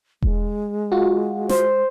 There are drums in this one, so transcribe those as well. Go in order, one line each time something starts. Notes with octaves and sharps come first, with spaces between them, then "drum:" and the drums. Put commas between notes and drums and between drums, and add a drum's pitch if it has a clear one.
G#3, drum: kick E1
F4 F#4
C5, drum: snare